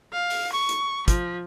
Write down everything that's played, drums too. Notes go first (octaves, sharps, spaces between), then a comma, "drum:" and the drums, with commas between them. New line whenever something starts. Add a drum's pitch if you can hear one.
F5
drum: open hi-hat
C#6
drum: hi-hat
F3, drum: kick, hi-hat